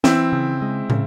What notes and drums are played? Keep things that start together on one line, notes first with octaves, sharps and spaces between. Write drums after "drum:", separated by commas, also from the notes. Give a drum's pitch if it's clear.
E3 C4 E4, drum: snare
C#3
G#3
C#3, drum: tom